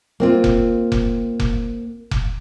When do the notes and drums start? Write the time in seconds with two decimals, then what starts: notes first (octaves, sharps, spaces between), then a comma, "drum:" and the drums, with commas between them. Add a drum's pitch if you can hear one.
0.20 A#3 C4 F4
0.44 drum: kick F1
0.92 drum: kick F1
1.40 drum: kick F1
2.11 drum: kick F1